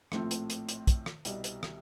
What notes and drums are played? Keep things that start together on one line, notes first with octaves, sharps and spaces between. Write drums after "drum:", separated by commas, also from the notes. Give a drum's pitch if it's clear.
A#1 A2 F3 A3 C4, drum: rim click
drum: hi-hat
drum: hi-hat
drum: hi-hat
drum: kick, hi-hat
drum: rim click
C2 B2 G3, drum: hi-hat
drum: hi-hat
drum: rim click